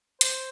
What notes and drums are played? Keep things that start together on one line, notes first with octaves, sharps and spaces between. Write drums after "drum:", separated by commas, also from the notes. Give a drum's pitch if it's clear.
C5, drum: hi-hat